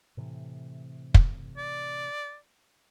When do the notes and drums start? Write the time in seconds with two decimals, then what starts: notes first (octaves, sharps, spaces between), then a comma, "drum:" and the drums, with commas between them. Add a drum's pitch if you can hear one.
0.17 A2 C3 E3
1.14 drum: kick
1.57 D5